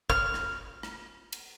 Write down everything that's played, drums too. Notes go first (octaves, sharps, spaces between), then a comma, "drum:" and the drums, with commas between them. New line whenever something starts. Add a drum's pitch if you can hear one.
F6, drum: kick
drum: rim click
drum: rim click
drum: cymbal